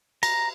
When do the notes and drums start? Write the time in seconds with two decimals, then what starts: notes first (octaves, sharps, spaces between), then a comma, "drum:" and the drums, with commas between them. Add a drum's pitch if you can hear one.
0.23 A#5, drum: cymbal